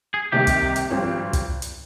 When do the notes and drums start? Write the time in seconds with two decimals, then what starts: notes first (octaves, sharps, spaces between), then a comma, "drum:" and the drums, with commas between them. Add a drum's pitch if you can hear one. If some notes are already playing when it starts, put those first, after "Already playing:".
0.14 G#4
0.32 C2 C3 D#3 A#3 G4
0.47 drum: kick, hi-hat
0.76 drum: hi-hat
0.90 G#1 G2 F3 C4
1.33 drum: kick, hi-hat
1.62 drum: hi-hat